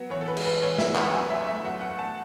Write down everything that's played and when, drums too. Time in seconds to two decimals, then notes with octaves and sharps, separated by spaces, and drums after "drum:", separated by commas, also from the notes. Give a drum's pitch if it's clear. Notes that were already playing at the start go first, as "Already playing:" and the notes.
Already playing: F#3 B3
0.10 E3 C#5
0.21 A4
0.28 B4
0.37 G#3, drum: cymbal
0.45 B4
0.61 E3 C#5
0.78 E5, drum: snare
0.87 B3
0.96 F#5, drum: clap
1.13 F#3 G#5
1.30 E5
1.39 A3
1.47 E5
1.64 F#3 F#5
1.81 F#5
1.91 A3
1.99 A5